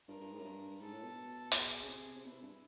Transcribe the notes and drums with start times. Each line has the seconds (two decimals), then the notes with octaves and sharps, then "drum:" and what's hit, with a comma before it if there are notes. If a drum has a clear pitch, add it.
0.08 G2 A#4
0.20 G2
0.32 G#2
0.39 F#2
0.44 G2
0.80 G#2 A4
0.92 A2
1.03 B2
1.52 G#4, drum: hi-hat
1.82 C#3
1.88 C3
2.16 C3
2.23 B2 E4
2.33 C3
2.42 G2